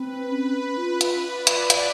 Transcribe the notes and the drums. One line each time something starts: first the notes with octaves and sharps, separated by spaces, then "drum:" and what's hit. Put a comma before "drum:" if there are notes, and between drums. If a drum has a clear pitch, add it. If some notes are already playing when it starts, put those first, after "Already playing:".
Already playing: C4 B4
C#4
F4 B4
drum: hi-hat
D5
drum: hi-hat
drum: hi-hat